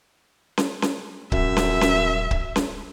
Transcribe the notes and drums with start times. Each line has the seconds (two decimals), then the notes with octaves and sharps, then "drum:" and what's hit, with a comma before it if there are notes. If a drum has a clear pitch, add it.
0.57 drum: snare C#4
0.82 drum: snare C#4
1.32 D#1 F#2 E5, drum: kick C#1
1.57 drum: snare C#4
1.81 drum: snare C#4
2.31 drum: kick C#1
2.56 drum: snare C#4